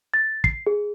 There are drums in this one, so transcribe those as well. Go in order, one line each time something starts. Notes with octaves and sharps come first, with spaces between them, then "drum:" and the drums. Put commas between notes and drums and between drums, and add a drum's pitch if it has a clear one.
A6
C7, drum: kick
G#4